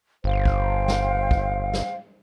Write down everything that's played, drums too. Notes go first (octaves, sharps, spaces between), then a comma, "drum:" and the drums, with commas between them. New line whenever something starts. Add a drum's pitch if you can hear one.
G1 C5 F5 G5
drum: kick
drum: snare
drum: kick
drum: snare